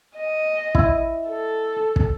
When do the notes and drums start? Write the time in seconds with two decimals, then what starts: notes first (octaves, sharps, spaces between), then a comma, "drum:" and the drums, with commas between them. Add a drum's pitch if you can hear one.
0.16 D#5
0.75 E4, drum: kick
1.28 A4
1.96 drum: kick